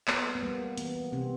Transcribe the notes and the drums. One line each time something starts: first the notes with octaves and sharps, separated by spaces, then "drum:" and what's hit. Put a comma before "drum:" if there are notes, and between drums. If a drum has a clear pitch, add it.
A#3 B3, drum: clap
G3
B3
G3 A#3
G3
E3 B3, drum: hi-hat
A#3
C3 A#3 C4